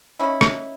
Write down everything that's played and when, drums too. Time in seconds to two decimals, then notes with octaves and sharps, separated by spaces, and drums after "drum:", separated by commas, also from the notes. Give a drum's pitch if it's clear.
0.19 D#3 F#3 A#3 C#4 E4
0.41 drum: rim click